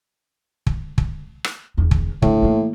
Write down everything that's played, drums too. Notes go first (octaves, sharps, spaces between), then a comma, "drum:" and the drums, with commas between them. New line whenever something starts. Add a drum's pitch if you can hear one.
drum: kick
drum: kick
drum: rim click
E1 E2
drum: kick
G1 A2, drum: kick
E3 A#3